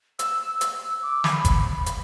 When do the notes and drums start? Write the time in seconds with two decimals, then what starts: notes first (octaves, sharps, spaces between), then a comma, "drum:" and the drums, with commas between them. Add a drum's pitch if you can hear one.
0.19 E6, drum: hi-hat
0.61 drum: hi-hat
1.03 D6
1.24 B5, drum: snare
1.45 drum: kick, hi-hat
1.86 B5, drum: hi-hat